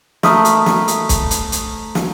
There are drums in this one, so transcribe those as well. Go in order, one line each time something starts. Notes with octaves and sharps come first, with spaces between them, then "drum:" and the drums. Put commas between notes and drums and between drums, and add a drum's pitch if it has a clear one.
A3 A#4 B5 D#6, drum: snare
drum: hi-hat
drum: snare
drum: hi-hat
drum: kick, hi-hat
drum: hi-hat
drum: hi-hat
drum: snare